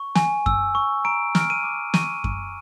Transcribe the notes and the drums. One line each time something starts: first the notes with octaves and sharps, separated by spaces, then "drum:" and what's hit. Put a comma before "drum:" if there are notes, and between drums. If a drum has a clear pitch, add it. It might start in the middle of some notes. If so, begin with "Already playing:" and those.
Already playing: C#6
G#5, drum: snare
E6, drum: kick F#2
C#6
A#5 D7
F6, drum: snare
D7
D#7
D6
C#6 D#7, drum: snare
C#6, drum: kick F#2